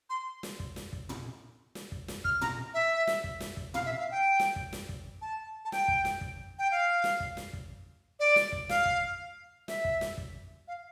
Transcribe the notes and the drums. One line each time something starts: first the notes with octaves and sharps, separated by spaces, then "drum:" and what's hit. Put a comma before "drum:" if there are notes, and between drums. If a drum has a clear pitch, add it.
C6
drum: snare
drum: kick
drum: snare
drum: kick
drum: tom
drum: snare
drum: kick
drum: snare
F6, drum: kick
A#5, drum: tom
E5
drum: snare
drum: kick
drum: snare
drum: kick
F5, drum: tom
E5
F5
G5
drum: snare
drum: kick
drum: snare
drum: kick
A5
A5
G5, drum: snare
drum: kick
drum: snare
drum: kick
G5
F5
drum: snare
drum: kick
drum: snare
drum: kick
D5
drum: snare
drum: kick
F5, drum: snare
drum: kick
E5, drum: snare
drum: kick
drum: snare
drum: kick
F5